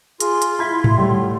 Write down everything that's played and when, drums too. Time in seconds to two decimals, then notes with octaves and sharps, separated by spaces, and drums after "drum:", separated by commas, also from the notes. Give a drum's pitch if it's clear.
0.20 F4 G#4 C6, drum: hi-hat
0.42 drum: hi-hat
0.59 E4 B5 G#6 B6
0.84 drum: tom G#2
0.97 A2 D3 G3 A3